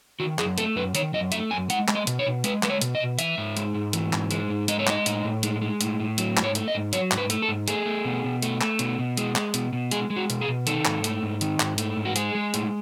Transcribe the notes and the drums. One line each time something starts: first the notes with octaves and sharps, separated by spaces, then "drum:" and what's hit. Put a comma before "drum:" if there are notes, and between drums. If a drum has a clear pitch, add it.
D#3 F#4
F#2 G#4, drum: clap
A3 A4, drum: hi-hat
F#2 B4
D#3 C#5, drum: hi-hat
F#2 D#5
A3 E5, drum: hi-hat
F#2 G#5
G#3 F#5, drum: hi-hat
G#3, drum: clap
D#5
B2, drum: hi-hat
C#5
B2
G#3 B4, drum: hi-hat
G#3 B4, drum: clap
C#5
B2, drum: hi-hat
D#5
B2
E3 E5, drum: hi-hat
G#2
G#3, drum: hi-hat
G#2
E3, drum: hi-hat
G#2, drum: clap
G#3, drum: hi-hat
G#2
G#3 D#5, drum: hi-hat
C#5
G#3 D#5, drum: clap
A2, drum: hi-hat
A2
G#3, drum: hi-hat
G#3
A2, drum: hi-hat
A2
F#3, drum: hi-hat
G#2, drum: clap
C#5
A3, drum: hi-hat
D#5
G#2
F#3 C#5, drum: hi-hat
G#2, drum: clap
B4
A3, drum: hi-hat
A4
G#2
A3 G#4, drum: hi-hat
A3
B2
B2
A3, drum: hi-hat
A3, drum: clap
B2, drum: hi-hat
B2
G#3, drum: hi-hat
G#3, drum: clap
B2, drum: hi-hat
B2
G#3 G#4, drum: hi-hat
G#3
F#4
B2, drum: hi-hat
G#4
B2
D#3 A4, drum: hi-hat
G#2, drum: clap
A3, drum: hi-hat
G#2
D#3, drum: hi-hat
G#2, drum: clap
A3, drum: hi-hat
G#2
F#4
G#3 G#4, drum: hi-hat
G#3
A2, drum: hi-hat